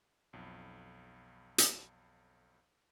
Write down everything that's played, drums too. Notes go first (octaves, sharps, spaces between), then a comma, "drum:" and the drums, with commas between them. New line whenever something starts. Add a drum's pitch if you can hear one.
B1 F2
drum: hi-hat